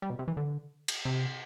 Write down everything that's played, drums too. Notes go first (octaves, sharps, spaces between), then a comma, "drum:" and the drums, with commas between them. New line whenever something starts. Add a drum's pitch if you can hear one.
G3
B2
C3
E3
D3
drum: cymbal
C3